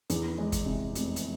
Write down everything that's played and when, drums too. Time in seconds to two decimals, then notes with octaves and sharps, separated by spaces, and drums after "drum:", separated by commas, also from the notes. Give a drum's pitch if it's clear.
0.10 E2, drum: hi-hat
0.38 G#3
0.52 drum: kick, hi-hat
0.66 C3
0.95 F1, drum: hi-hat
1.16 drum: hi-hat